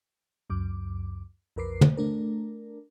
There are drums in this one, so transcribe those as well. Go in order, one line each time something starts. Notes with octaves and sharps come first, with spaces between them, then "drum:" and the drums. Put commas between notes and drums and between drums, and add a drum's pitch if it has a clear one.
C#2 F#2 D6
B1 F2 A#4 B4 D6 C7
drum: tom
A3 D4 A#4